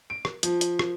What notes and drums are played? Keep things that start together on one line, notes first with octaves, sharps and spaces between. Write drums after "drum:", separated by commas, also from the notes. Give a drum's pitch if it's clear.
D7
drum: rim click
F3, drum: hi-hat
drum: hi-hat
drum: rim click